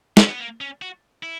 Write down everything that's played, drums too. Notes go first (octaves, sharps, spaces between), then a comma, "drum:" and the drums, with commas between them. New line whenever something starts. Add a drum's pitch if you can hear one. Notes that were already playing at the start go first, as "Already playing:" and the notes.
C#4, drum: snare
B3
A#3
C#4
F#4
E4